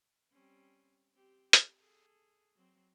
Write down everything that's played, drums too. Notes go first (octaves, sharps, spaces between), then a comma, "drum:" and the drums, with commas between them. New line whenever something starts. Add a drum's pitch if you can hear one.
G3 C4 C#4
C4 G4
drum: hi-hat
G#4 A4
F#3 C4